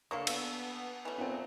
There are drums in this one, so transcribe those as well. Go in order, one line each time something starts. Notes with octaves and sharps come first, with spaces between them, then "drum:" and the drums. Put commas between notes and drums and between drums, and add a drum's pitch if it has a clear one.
A2 C#3 A#3 D4 A4 F5 C#6
B3 E6, drum: cymbal
E3 A3 C#4
A#2 F#3 B3 C4